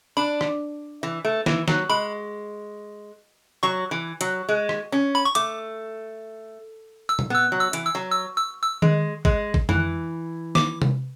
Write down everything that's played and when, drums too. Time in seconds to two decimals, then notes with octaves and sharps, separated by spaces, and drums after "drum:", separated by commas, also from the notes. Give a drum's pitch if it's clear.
0.17 D4 B5
0.41 drum: rim click
1.03 E3
1.25 A3
1.46 E3, drum: snare
1.68 F#3, drum: snare
1.89 G#3 B5
3.63 F#3 C#6
3.91 E3
4.21 F#3, drum: hi-hat
4.49 G#3
4.69 drum: rim click
4.92 C#4
5.15 B5
5.25 C#6
5.35 A3 D6, drum: hi-hat
7.09 E6
7.19 drum: tom A#2
7.30 B3 E6
7.52 F#3
7.60 E6
7.73 E3, drum: hi-hat
7.86 E6
7.95 F#3
8.11 E6
8.36 E6
8.62 E6
8.82 G#3, drum: tom D#3
9.25 G#3, drum: kick G#1
9.54 drum: kick G#1
9.69 E3, drum: tom F2
10.55 D6, drum: snare
10.82 drum: tom C3